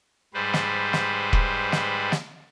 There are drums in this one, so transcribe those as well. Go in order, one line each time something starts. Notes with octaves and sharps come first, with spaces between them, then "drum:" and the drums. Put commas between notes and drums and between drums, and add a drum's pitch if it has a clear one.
G#2 G3 B4 C5
drum: snare
drum: snare
drum: kick E1
drum: snare
drum: snare